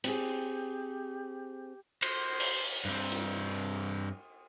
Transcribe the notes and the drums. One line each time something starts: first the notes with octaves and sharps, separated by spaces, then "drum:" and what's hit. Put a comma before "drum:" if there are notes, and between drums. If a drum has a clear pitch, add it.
C4 G4 G#4, drum: hi-hat
C5, drum: cymbal
drum: open hi-hat
G2 C4
drum: hi-hat